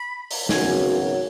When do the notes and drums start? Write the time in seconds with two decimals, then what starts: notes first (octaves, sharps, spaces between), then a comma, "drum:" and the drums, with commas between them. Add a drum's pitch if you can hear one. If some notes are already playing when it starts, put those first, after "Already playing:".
Already playing: B5
0.31 drum: open hi-hat
0.49 G#1 F#2 C#3 F#3 B3 G#5, drum: snare